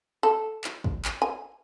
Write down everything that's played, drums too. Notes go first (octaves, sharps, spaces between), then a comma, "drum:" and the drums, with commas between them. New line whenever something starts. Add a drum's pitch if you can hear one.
A4
drum: clap
drum: kick
drum: clap
G#5